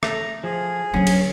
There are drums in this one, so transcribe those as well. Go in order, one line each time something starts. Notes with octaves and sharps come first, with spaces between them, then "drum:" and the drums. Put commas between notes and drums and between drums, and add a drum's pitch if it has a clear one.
A3 A#5, drum: rim click
F3 G#4
D3 F#3 C#4
drum: cymbal